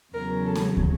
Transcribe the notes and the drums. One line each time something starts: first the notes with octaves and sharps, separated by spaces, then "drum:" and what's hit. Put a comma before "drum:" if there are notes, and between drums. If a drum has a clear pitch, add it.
E2 C#3 F#3 A#4
A4
drum: snare C#4
drum: kick